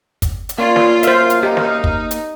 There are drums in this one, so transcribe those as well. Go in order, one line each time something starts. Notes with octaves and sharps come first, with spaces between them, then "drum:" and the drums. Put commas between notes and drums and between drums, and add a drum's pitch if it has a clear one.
drum: kick, hi-hat
drum: hi-hat
A#3 C#4 F4 C#5 D5
drum: snare
F#2 C5 E5 F5 F6, drum: hi-hat
drum: hi-hat
D#4 G4
drum: snare
drum: kick
drum: hi-hat